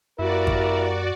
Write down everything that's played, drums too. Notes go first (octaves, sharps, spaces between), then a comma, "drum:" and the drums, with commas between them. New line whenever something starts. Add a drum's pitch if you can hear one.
F#2 A#3 E4 F#4 G4 A#4 D5
drum: kick G#1